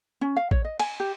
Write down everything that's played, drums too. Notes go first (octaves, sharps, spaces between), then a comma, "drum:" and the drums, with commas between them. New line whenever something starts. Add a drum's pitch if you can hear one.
C#4
F5
C#5, drum: kick A1
D#5
G#5, drum: cymbal
G4